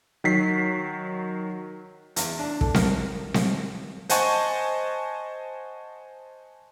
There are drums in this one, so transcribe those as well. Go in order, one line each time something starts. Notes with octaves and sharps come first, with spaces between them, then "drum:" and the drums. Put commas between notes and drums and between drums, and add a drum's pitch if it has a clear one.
D#3 F#3 B6 C7
E2, drum: hi-hat
D4
A3, drum: kick
A#4, drum: snare C4
drum: snare C4
C5 D#5 F#5 G#5 A5 C#6, drum: hi-hat